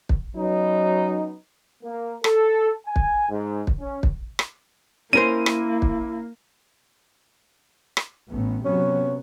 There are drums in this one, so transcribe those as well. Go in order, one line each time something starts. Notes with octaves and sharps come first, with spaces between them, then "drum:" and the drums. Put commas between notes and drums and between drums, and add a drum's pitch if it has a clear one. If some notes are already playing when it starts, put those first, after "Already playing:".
drum: kick
F#3 B3 C#4 D#4
A#3
A4, drum: rim click
G#5
drum: kick
G#2
drum: kick
C#4
drum: kick
drum: rim click
A#3 C#4 E4 A#4 C5 D#7
drum: rim click
drum: kick
drum: rim click
A1 A2 B3
C3 F#3 B3 C#4